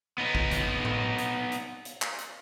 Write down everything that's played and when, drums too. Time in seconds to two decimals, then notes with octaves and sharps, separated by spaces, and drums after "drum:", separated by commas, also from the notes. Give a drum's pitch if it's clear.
0.18 B3 D#4
0.35 drum: kick
0.51 drum: kick, hi-hat
0.85 drum: tom A2
1.18 drum: hi-hat
1.52 drum: hi-hat
1.85 drum: hi-hat
2.02 drum: clap
2.18 drum: hi-hat